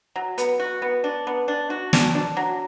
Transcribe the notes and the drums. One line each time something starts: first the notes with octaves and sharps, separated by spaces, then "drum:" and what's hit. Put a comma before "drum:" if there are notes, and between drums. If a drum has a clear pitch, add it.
F#3
B3, drum: hi-hat
F#4
B3
D4
B3
D4
F#4
D4, drum: snare
D4
F#3